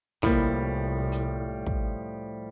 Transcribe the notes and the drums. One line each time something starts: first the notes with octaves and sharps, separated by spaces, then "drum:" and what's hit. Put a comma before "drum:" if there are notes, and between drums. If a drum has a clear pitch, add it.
C2 A2 F3 G3 A#3 E4, drum: kick
drum: hi-hat
drum: kick